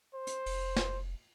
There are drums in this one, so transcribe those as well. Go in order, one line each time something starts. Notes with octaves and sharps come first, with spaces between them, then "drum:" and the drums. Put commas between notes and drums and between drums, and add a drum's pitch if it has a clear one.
C5
drum: hi-hat
F1, drum: open hi-hat
drum: snare